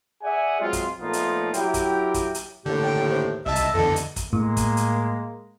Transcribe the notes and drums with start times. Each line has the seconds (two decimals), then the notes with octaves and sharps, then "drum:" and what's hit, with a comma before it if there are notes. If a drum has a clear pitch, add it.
0.23 G#4 D5 E5 F#5 G#5
0.61 F#3 G#3 C4 F4
0.73 drum: kick, hi-hat
1.00 A#2 F3 A3 B3 D#4 F4
1.13 drum: hi-hat
1.54 F#3 E4 G4 A#4 G5, drum: hi-hat
1.74 drum: kick, hi-hat
2.14 drum: kick, hi-hat
2.34 drum: hi-hat
2.66 D#2 A2 D3 G4
2.83 G5
3.10 C5
3.46 C2 D#5 E5 A5
3.56 drum: hi-hat
3.75 E2 D3 A4
3.96 drum: hi-hat
4.16 drum: kick, hi-hat
4.33 A2 G#3 A#3
4.57 drum: kick, hi-hat
4.77 drum: hi-hat